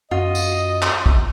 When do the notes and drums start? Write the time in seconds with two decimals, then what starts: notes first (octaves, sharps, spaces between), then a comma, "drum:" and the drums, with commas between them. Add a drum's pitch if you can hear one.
0.11 F#2 F4 F#4 D#5
0.35 drum: tambourine
0.82 drum: clap
1.06 drum: kick